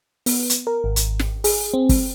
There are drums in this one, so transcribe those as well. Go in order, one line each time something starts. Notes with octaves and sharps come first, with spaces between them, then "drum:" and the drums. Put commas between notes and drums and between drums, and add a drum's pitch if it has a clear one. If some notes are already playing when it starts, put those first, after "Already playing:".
B3, drum: open hi-hat
drum: hi-hat
A#4
G#1
drum: hi-hat
drum: snare
G#4, drum: open hi-hat
C4
drum: kick, open hi-hat